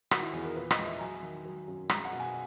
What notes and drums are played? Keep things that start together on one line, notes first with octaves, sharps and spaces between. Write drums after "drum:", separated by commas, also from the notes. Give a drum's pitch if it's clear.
D#3 F#4, drum: rim click
E4
E2 G#4
A#4
A#2 B4
D#5, drum: rim click
G#3
E5
A#5
F#3 G#5
D#3
F#3
F#2
G#3 A#5, drum: rim click
F#5
B2
G#5